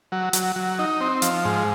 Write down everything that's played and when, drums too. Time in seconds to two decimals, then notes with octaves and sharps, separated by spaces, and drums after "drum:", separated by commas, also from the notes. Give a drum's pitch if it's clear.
0.12 F#3
0.33 F#3, drum: hi-hat
0.56 F#3
0.79 D#4
1.01 C4
1.22 F3, drum: hi-hat
1.45 G#2